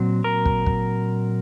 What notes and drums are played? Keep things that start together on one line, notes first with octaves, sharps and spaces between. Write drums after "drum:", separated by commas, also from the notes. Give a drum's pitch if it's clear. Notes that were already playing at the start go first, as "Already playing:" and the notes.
Already playing: A#2 F#3 C4
A#4
drum: kick
drum: kick